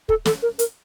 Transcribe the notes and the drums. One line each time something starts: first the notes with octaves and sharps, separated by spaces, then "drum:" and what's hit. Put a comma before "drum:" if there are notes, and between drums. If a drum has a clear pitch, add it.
A4, drum: kick
A4, drum: snare
A#4
A#4, drum: hi-hat